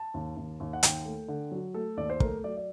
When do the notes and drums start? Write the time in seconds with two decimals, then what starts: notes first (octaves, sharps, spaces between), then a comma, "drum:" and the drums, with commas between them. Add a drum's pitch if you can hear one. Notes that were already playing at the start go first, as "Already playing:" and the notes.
Already playing: A5
0.14 D#2
0.37 D#2
0.60 D#2
0.73 F#5
0.83 D#2 G5, drum: hi-hat
1.05 A3
1.28 D3
1.51 F#3
1.74 A3 A4
1.97 D#2 D5
2.10 C5
2.20 A3 A#4, drum: kick
2.44 F#3 D5
2.57 D5